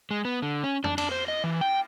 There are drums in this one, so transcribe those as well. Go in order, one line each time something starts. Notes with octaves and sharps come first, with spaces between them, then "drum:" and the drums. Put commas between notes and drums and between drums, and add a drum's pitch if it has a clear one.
G#3
B3
D3
C#4
D4, drum: tom
D4, drum: cymbal
C5
D#5
E3
G5